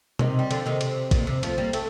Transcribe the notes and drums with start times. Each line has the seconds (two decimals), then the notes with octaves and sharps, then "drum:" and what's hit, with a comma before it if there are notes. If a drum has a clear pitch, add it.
0.19 C3 D#3, drum: tom B2
0.39 G3
0.51 D3 F3, drum: cymbal
0.66 C3 D#3
0.81 C3, drum: cymbal
1.11 A#2, drum: kick A1, cymbal
1.27 C3
1.43 F3 A3, drum: cymbal
1.58 G3 A#3
1.73 A3 C4, drum: cymbal